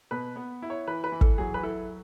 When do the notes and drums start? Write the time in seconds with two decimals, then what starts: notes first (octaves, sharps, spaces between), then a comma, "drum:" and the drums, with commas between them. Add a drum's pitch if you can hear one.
0.11 B2 B4
0.36 B3
0.62 E4
0.70 C#5
0.87 E3 B4
1.04 B4
1.12 E3
1.21 A4, drum: kick
1.38 F#3 G#4
1.54 B4
1.63 E4 A4